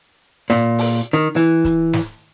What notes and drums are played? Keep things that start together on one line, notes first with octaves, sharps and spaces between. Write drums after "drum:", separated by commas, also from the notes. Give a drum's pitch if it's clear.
A#2, drum: snare
drum: open hi-hat
D#3
E3, drum: hi-hat
drum: kick, hi-hat
drum: snare